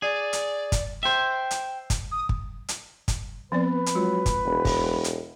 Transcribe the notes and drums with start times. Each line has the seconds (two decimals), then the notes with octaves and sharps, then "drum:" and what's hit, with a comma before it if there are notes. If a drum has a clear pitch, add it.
0.02 G#4 D5
0.33 drum: hi-hat
0.72 drum: kick, hi-hat
1.03 C5 E5 G5
1.51 drum: hi-hat
1.90 drum: kick, hi-hat
2.12 D#6
2.29 drum: kick
2.69 drum: hi-hat
3.08 drum: kick, hi-hat
3.52 F3 B3 C4 B4 D5
3.86 drum: hi-hat
3.95 F#3 G#3 F4
4.26 drum: kick, hi-hat
4.45 E1
4.65 drum: kick, open hi-hat
5.04 drum: hi-hat